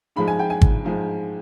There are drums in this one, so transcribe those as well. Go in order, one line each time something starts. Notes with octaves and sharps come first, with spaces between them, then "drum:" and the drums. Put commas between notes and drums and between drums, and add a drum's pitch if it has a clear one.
G#2 F3 G#3 B5
G#5
G5
G#5
drum: kick
G#2 F3 G#3